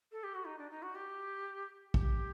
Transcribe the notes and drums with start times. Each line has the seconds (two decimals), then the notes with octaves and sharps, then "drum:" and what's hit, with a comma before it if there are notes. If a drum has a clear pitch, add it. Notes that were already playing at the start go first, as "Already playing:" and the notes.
0.12 A4
0.24 G4
0.35 F#4
0.45 D#4
0.58 D4
0.71 D#4
0.82 F#4
0.95 G4
1.94 G4, drum: kick